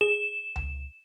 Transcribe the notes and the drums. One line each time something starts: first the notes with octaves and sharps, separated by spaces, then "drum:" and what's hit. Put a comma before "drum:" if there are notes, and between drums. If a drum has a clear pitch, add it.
G#4 E7
drum: tom C#2